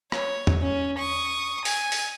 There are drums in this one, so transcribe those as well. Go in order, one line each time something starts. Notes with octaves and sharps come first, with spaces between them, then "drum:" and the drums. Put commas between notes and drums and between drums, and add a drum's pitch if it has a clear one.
C#5, drum: rim click
drum: tom E2
C#4
C#6 D#6
G#5, drum: open hi-hat
drum: open hi-hat